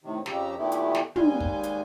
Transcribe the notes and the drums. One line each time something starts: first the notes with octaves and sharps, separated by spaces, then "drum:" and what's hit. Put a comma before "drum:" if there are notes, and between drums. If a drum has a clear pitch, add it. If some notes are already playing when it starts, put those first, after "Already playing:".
A2 C3 D#3
F2 C#3 G4 A#5 E6, drum: snare
A#2 D#3 A3 B3 E4 G4
drum: hi-hat
drum: snare
D#2 G3 G#3 G#5 G6, drum: tom
drum: kick
drum: hi-hat